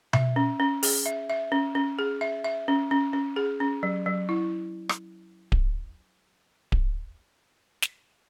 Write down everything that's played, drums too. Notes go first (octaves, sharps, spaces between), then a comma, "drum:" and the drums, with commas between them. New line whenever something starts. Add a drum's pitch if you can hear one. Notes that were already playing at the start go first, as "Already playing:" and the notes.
E5, drum: tom B2
C#4
C#4
G#4, drum: open hi-hat
E5
E5
C#4
C#4
G#4
E5
E5
C#4
C#4
C#4
G#4
C#4
F#3
F#3
E4
drum: rim click
drum: kick D1
drum: kick D1
drum: snare